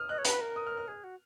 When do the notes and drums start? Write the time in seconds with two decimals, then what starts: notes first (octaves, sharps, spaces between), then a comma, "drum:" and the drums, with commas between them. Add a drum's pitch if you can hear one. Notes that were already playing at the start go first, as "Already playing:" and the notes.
Already playing: D#6 F6
0.09 D#5 F#6
0.18 C#5
0.25 B4, drum: hi-hat
0.41 A#4
0.56 D#6
0.67 F6
0.77 F6
0.88 G#4
1.04 F#4